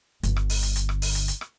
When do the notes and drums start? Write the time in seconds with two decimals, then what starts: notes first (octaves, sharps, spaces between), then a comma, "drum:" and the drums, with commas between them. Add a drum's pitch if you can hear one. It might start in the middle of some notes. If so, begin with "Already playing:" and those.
0.23 G1 D3, drum: hi-hat
0.36 drum: rim click
0.50 drum: open hi-hat
0.63 drum: hi-hat
0.76 drum: hi-hat
0.89 drum: rim click
1.02 drum: open hi-hat
1.15 drum: hi-hat
1.28 drum: hi-hat
1.41 drum: rim click